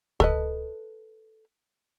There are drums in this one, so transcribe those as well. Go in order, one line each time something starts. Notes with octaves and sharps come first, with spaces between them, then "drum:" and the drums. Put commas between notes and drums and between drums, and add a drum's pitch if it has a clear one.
A4 B4 D#5, drum: kick